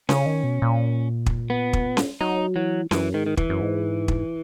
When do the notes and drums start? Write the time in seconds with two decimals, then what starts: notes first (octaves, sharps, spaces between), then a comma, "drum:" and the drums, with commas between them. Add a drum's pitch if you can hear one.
0.09 C#3 C#4, drum: snare C#4
0.26 D#3
0.44 B2
0.62 A#2
1.26 drum: kick
1.50 B3
1.73 drum: kick
1.97 drum: snare C#4
2.21 F#3 D#4
2.55 E3 F#3
2.91 F#2 E3, drum: snare C#4
3.14 G#2 D#3
3.26 D#3
3.37 E3, drum: kick
3.50 F#2
3.61 G#2
4.08 drum: kick